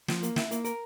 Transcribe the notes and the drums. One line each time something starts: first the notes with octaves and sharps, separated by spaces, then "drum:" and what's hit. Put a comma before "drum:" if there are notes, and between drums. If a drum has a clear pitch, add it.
F3, drum: snare
A#3, drum: hi-hat
E4, drum: snare
A#3, drum: hi-hat
A#4, drum: hi-hat